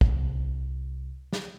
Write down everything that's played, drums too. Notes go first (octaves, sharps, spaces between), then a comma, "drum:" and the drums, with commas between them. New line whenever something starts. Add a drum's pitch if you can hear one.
C2, drum: kick
drum: snare